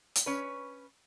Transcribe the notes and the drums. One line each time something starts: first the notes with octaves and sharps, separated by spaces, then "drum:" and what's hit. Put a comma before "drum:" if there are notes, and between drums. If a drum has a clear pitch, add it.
drum: hi-hat
C#4 B4